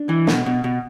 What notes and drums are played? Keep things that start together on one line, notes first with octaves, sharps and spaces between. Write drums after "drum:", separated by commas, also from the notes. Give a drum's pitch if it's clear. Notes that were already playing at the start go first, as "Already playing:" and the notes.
Already playing: D4
E3
B2, drum: snare
B2
B2